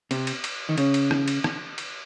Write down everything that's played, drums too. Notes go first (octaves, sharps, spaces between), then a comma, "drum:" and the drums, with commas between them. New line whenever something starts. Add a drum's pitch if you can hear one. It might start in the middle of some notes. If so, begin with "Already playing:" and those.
C3, drum: cymbal
drum: cymbal
drum: cymbal
D#3
C#3, drum: cymbal
drum: cymbal
drum: rim click
drum: cymbal
drum: rim click
drum: cymbal